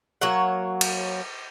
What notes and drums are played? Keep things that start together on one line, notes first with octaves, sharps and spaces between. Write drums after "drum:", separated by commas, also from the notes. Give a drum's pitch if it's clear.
F#3 A#3 C#5 F#5
drum: cymbal